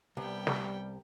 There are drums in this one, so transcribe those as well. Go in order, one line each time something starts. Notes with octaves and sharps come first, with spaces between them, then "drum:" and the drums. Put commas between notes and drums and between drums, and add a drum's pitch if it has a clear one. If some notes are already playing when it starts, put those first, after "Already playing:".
C2 G3 B3 G5
drum: snare